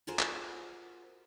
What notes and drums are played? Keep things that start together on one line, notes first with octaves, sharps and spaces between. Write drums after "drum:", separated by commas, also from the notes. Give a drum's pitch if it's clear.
F4 F#4 G#4 A#4 C5
drum: clap